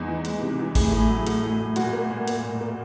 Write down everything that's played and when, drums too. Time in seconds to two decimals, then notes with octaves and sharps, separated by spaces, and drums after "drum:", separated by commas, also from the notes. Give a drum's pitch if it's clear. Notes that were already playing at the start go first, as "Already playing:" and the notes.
Already playing: E2 G#3 D#4
0.08 E3
0.25 G#3, drum: hi-hat
0.41 C3
0.59 E3
0.75 A2 G#4, drum: kick G#1, open hi-hat
0.92 A2
1.09 F#3
1.27 A2, drum: hi-hat
1.43 A2
1.60 A2
1.76 A#2 F#4, drum: hi-hat
1.93 A#3
2.10 A#2
2.28 A#3, drum: hi-hat
2.43 A#2
2.61 A#3